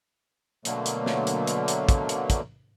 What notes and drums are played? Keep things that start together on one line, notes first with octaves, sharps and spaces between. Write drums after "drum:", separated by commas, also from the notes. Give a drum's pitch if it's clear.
B2 D3 F#3 A3 A#3, drum: hi-hat
drum: hi-hat
drum: snare
drum: hi-hat
drum: hi-hat
drum: hi-hat
drum: kick, hi-hat
drum: hi-hat
drum: kick, hi-hat